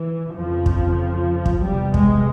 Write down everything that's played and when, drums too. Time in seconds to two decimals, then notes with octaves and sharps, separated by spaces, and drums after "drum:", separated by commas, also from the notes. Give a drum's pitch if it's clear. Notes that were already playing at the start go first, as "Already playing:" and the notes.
Already playing: E3
0.34 F2 C#3 F3
0.66 drum: kick
1.46 drum: kick
1.61 E2 C3 G3
1.94 G#3, drum: kick